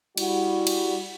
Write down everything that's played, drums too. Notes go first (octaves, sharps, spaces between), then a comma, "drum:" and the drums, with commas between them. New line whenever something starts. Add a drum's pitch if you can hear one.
G3 E4 F#4, drum: cymbal
drum: cymbal